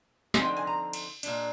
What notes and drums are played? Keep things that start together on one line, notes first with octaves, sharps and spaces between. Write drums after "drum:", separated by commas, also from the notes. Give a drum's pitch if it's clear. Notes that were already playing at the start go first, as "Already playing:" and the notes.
D3 F3 C4 D#4 G#5, drum: snare
G5
G#5
A#5
drum: cymbal
A#2 G#3 D4, drum: cymbal